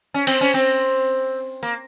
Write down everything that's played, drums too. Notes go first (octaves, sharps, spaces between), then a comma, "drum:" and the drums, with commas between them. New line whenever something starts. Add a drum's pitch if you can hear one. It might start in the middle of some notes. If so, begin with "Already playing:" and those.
C#4
C4, drum: cymbal
C#4
C4
A#3